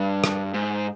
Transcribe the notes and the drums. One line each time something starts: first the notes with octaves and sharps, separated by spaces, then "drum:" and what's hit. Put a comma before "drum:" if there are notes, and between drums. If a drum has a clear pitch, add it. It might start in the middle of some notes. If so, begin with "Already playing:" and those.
Already playing: G2
drum: rim click
G#2